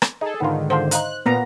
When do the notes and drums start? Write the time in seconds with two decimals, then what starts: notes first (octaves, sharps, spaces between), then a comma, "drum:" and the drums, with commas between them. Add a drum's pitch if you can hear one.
0.02 drum: rim click
0.21 D#4 G#4 A4
0.40 G#2 D3 D#3 B3 F4
0.70 F4 A4 C5 F#5
0.91 D#4 F5 A#5 F#6, drum: hi-hat
1.26 A#2 A#3 B3 A#5